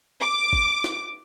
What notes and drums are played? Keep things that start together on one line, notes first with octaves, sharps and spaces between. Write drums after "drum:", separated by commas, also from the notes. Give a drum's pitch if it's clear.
D6
drum: kick G#1
drum: snare